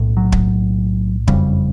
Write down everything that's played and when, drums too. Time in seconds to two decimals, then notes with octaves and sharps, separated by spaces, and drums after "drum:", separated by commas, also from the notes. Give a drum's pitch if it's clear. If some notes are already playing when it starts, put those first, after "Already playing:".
Already playing: B1 A2
0.17 F#3
0.32 drum: kick
1.27 F#1 F2 C#3 G3, drum: kick